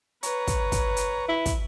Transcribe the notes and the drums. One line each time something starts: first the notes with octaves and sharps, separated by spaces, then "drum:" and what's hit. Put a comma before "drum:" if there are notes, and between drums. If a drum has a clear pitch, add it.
B4 C#5 A#5, drum: hi-hat
drum: kick, hi-hat
drum: kick, hi-hat
drum: hi-hat
E4
drum: kick, hi-hat